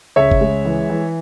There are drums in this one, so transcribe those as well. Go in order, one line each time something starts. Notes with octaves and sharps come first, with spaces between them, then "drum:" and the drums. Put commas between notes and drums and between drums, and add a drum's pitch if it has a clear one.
C#2 C#5 E5
drum: kick G1
G#3
E3
E3